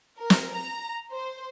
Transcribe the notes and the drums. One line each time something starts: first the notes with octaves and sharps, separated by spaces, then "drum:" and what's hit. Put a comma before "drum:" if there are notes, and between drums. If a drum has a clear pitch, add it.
A#4
drum: snare
A#5
C5